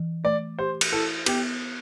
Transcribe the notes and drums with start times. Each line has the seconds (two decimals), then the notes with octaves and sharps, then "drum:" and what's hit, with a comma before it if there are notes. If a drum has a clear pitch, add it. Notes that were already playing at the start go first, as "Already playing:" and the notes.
Already playing: E3
0.24 A3 D5
0.59 G4 C5
0.81 drum: cymbal
0.92 E4 A4
1.26 B3 G4, drum: cymbal